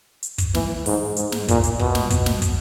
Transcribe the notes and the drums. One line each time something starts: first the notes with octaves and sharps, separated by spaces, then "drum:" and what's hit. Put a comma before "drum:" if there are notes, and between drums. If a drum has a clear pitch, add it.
drum: hi-hat
drum: kick, hi-hat
E3, drum: snare
G#2, drum: open hi-hat
G#2, drum: hi-hat
drum: snare
A#2, drum: kick, hi-hat
drum: hi-hat
B2, drum: kick
drum: snare
drum: kick, hi-hat
drum: snare
drum: kick, hi-hat